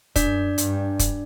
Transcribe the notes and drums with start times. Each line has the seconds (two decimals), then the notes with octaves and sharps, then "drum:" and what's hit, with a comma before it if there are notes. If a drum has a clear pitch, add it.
0.16 F#2 D4 D5, drum: kick, hi-hat
0.58 G2, drum: hi-hat
0.99 drum: kick, hi-hat